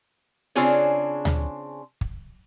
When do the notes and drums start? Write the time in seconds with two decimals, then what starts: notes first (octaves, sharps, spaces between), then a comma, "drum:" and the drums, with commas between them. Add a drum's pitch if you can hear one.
0.55 C#3 C4 D4 F4 G#4 C#5, drum: hi-hat
1.25 drum: tom D2
2.01 drum: kick